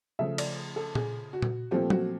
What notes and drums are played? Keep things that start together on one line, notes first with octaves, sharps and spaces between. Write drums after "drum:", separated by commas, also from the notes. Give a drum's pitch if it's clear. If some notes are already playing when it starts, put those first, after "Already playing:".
C#3 F3 A3 E5
D5, drum: cymbal
A4
G#4, drum: tom A#2
F#4
drum: tom A#2
A#2 F3 A3 C4 G4
F#4, drum: tom